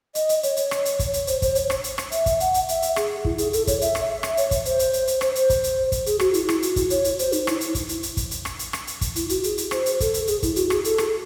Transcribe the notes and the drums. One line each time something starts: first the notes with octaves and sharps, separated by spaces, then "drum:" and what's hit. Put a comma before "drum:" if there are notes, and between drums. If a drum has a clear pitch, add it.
D#5, drum: hi-hat
drum: hi-hat
C#5, drum: hi-hat
C#5, drum: hi-hat
drum: rim click
drum: hi-hat
drum: kick, hi-hat
drum: hi-hat
C5, drum: hi-hat
C5, drum: kick, hi-hat
C#5, drum: hi-hat
drum: rim click
drum: hi-hat
drum: rim click
E5, drum: hi-hat
drum: kick, hi-hat
F#5, drum: hi-hat
drum: hi-hat
E5, drum: hi-hat
drum: hi-hat
G#4, drum: rim click
E4, drum: kick
G#4, drum: hi-hat
A4, drum: hi-hat
C#5, drum: kick, hi-hat
E5, drum: hi-hat
drum: rim click
E5
drum: rim click
C#5, drum: hi-hat
drum: kick, hi-hat
C5, drum: hi-hat
drum: hi-hat
drum: hi-hat
drum: hi-hat
C5, drum: rim click
C5, drum: hi-hat
drum: kick, hi-hat
drum: hi-hat
drum: kick, hi-hat
G#4, drum: hi-hat
F#4, drum: rim click
E4, drum: hi-hat
E4, drum: rim click
F#4, drum: hi-hat
drum: kick, hi-hat
C#5, drum: hi-hat
drum: hi-hat
C5, drum: hi-hat
D#4, drum: hi-hat
E4, drum: rim click
drum: hi-hat
drum: kick, hi-hat
drum: hi-hat
drum: hi-hat
drum: kick, hi-hat
drum: hi-hat
drum: rim click
drum: hi-hat
drum: rim click
drum: hi-hat
drum: kick, hi-hat
E4, drum: hi-hat
F#4, drum: hi-hat
G#4, drum: hi-hat
drum: hi-hat
C5, drum: rim click
drum: hi-hat
A4, drum: kick, hi-hat
drum: hi-hat
G#4, drum: hi-hat
E4, drum: kick, hi-hat
F#4, drum: hi-hat
G#4, drum: rim click
A4, drum: hi-hat
drum: rim click